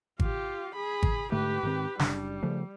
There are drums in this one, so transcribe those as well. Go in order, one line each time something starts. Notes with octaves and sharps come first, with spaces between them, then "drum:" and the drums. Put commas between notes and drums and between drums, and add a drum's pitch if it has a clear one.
F4 G4, drum: kick G#1
G#4 B5
drum: kick G#1
G#2 D3 A3 G4 B4
G#2 D#3 C4
F#1 G3 D4, drum: snare
C#3 F3 A3